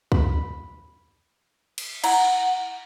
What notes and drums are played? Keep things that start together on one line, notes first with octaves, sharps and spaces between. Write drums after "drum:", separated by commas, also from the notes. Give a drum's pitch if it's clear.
B5, drum: kick
drum: cymbal
E4 F#5 A#5, drum: cymbal